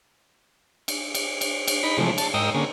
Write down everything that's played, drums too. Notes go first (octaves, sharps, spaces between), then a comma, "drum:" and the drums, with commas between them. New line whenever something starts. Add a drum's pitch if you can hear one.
drum: cymbal
drum: cymbal
drum: cymbal
drum: cymbal
D#4 B5
C3 E3 F3 G#3 A3
A5, drum: cymbal
G#2 A#4 D#5 G5 D#6 E6
D3 A#3 C#4 G#4